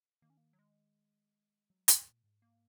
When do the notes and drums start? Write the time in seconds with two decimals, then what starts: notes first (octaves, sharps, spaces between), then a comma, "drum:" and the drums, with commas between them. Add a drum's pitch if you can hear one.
0.22 D#3 A#3
0.30 C#4
0.37 A#3
0.53 F#3
0.59 G#3
1.70 F#3
1.88 G#2, drum: hi-hat
2.05 A#2
2.24 G#2
2.42 A#3